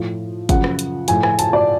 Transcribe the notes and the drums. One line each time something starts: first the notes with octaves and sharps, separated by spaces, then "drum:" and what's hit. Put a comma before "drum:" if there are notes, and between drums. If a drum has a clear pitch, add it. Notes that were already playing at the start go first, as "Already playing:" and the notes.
Already playing: A2 F3
F#2 C#3 F3 F#5, drum: kick, hi-hat
drum: rim click
drum: hi-hat
A2 F3 G#5, drum: hi-hat
G#5, drum: rim click
A5, drum: hi-hat
D5